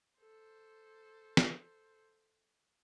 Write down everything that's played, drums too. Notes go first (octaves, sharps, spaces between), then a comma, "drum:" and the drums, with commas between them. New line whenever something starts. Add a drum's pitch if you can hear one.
A4 C5
drum: snare